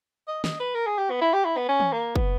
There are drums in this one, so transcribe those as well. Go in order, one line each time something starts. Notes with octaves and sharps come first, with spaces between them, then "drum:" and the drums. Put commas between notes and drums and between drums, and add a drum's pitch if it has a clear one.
D#5
D#5, drum: snare
B4
A#4
G#4
G4
B3
E4
G4
E4
B3
C#4
drum: tom
A#3
B3, drum: kick